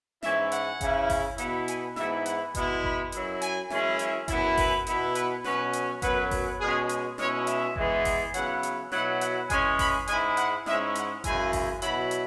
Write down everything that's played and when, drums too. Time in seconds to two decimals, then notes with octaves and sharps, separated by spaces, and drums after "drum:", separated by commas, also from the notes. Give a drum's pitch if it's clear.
0.23 G#2 E3 C#4 E4 E5, drum: snare
0.52 F#5, drum: hi-hat
0.81 C#3 E3 C#4 E4, drum: kick G1, hi-hat
1.10 drum: kick G1, open hi-hat
1.38 B2 B3 E4, drum: hi-hat
1.68 G#5, drum: hi-hat
1.96 G#2 E3 B3 E4 E5, drum: snare
2.26 F#5, drum: hi-hat
2.55 B2 G#3 B3 E4, drum: kick G1, hi-hat
2.84 B5, drum: kick G1
3.12 F#2 F#3 E4, drum: hi-hat
3.42 G#5, drum: hi-hat
3.70 F#2 E3 G#3 C#4 E4, drum: snare
3.99 E5, drum: hi-hat
4.28 F#2 E3 B3 E4, drum: kick G1, hi-hat
4.57 B4, drum: kick G1, open hi-hat
4.87 B2 B3 E4, drum: hi-hat
5.15 B4, drum: hi-hat
5.44 B2 F#3 C#4 B4, drum: snare
5.73 drum: hi-hat
6.02 F#2 F#3 B3 B4, drum: kick G1, hi-hat
6.31 drum: kick G1, open hi-hat
6.60 B2 G#3 C#4 G#4
6.89 drum: hi-hat
7.18 B2 G#3 C#4 E4 C#5, drum: snare
7.47 E5, drum: hi-hat
7.76 E3 G#3 B3, drum: kick G1
8.05 drum: kick G1, open hi-hat
8.34 C#3 F#3 B3 E4 F#5, drum: hi-hat
8.63 drum: hi-hat
8.92 B2 F#3 E4 F#5, drum: snare
9.21 F#5, drum: hi-hat
9.50 E3 G#3 C#4 G#5, drum: kick G1, hi-hat
9.79 B5, drum: kick G1, open hi-hat
10.07 G#2 G#3 E4 G#5, drum: hi-hat
10.37 F#5, drum: hi-hat
10.66 G#2 G#3 C#4 E4 E5, drum: snare
10.95 F#5, drum: hi-hat
11.24 F#2 C#3 E3 G#3 E4 G#5, drum: kick G1, hi-hat
11.53 drum: kick G1, open hi-hat
11.82 B2 F#3 E4 B5, drum: hi-hat
12.11 drum: hi-hat